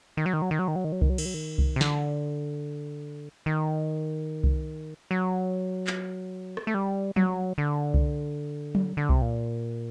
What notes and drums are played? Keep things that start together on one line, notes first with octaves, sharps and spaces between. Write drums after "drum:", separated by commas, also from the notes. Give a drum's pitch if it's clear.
D#3
F#3
D#3
F#3
D#3
F#3
D#3
F#3
D#3
F#3
D#3, drum: kick C2
F#3
D#3, drum: cymbal
F#3
D#3
drum: kick C2
C3
D3, drum: snare
D#3
drum: kick C2
F#3
drum: clap
drum: rim click
A3
G3
F#3, drum: tom F#3
D3
drum: kick C2
drum: tom F#3
D3
C3, drum: kick C2
A#2